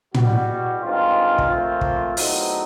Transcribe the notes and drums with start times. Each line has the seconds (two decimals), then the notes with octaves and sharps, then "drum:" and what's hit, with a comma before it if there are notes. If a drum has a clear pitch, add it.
0.14 E2 B2 G3 F#4, drum: tom
0.82 G2 D#3 G#3 C4 F4
1.38 drum: kick
1.49 A#2 F3 A3 C4 F4
1.81 drum: kick
2.17 E2 B2 F#3 A3 C4 D#4, drum: open hi-hat